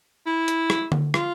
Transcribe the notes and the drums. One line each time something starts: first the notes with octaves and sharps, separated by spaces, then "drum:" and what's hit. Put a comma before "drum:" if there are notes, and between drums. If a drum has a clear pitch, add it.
E4
drum: hi-hat
drum: rim click
drum: tom D3
F4, drum: rim click